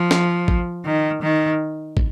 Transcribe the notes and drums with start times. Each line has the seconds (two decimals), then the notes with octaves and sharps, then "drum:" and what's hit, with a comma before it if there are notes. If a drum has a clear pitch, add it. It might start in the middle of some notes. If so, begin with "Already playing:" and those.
Already playing: F3
0.11 drum: snare
0.48 drum: kick
0.85 D#3
1.22 D#3
1.97 drum: kick